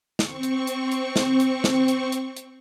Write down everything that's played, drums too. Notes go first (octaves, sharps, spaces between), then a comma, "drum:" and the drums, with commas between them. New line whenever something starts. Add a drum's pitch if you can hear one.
C4 C#6, drum: snare
drum: hi-hat
drum: hi-hat
drum: hi-hat
drum: snare
drum: hi-hat
drum: snare
drum: hi-hat
drum: hi-hat
drum: hi-hat